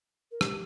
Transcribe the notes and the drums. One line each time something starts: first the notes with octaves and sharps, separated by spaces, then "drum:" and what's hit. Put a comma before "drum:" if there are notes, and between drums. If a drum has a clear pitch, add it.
A#4
G4, drum: rim click